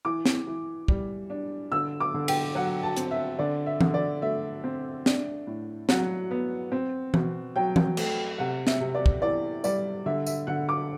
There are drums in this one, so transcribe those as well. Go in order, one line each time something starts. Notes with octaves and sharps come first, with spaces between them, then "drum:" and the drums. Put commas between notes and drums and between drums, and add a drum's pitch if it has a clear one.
E3 D6
drum: snare
E3
G3, drum: kick
D4
D3 E6
D6
D3
G5, drum: cymbal
F#3 F#5
A5
C4, drum: hi-hat
E5
D3 D5
E5
D3, drum: tom E3
D5
A3 E5
C4
D4, drum: snare
A2
F#3 F#5, drum: snare
B3
C4
B2, drum: tom E3
F#3 G5
drum: tom E3
A3, drum: cymbal
C3 F#5
E5, drum: snare
C3
D5
drum: kick
E3 D5
G3 D5, drum: tambourine
D3 E5
E5, drum: tambourine
D3 F#5
D6